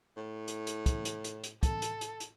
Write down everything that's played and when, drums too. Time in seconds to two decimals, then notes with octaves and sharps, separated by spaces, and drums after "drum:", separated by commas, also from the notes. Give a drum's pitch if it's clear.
0.17 A2
0.48 drum: hi-hat
0.67 drum: hi-hat
0.86 drum: kick, hi-hat
1.05 drum: hi-hat
1.24 drum: hi-hat
1.44 drum: hi-hat
1.63 A4, drum: kick, hi-hat
1.82 drum: hi-hat
2.01 drum: hi-hat
2.20 drum: hi-hat